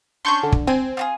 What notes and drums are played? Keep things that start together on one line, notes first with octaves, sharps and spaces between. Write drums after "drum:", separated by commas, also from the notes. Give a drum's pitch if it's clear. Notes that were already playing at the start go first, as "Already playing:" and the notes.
C#4 D4 C6 C#6 G6
D3
drum: kick
C4 G#5
F4 F#4 G#4